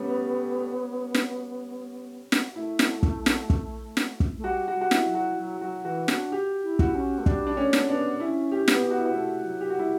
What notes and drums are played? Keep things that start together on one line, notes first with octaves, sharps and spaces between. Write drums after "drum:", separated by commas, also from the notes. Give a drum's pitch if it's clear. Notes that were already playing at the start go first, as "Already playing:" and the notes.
Already playing: G3 A3 B3 C#4
drum: snare
drum: snare
A3 E4
drum: snare
drum: kick
drum: snare
drum: kick
drum: snare
drum: kick
A3
G3 F#4
F#4
G3
F#4
E4, drum: snare
F#3
F#4
F#3
F#3 F#4
E3 F#4
D4 F#4, drum: snare
G4
E4
F#4, drum: kick
C#4
A3
G3 D4, drum: kick
D4
A3 C#4
drum: snare
B3 D4
C#4 E4
G4
B3, drum: snare
G4
F#4
E4
F#4
A3 E4
F#3
G4
F#4
G3 E4